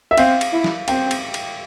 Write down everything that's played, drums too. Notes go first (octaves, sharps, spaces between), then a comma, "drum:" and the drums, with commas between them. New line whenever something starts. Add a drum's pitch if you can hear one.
E5
C4 F5, drum: cymbal
drum: cymbal
E4
drum: snare
C4 G5, drum: cymbal
drum: cymbal
drum: cymbal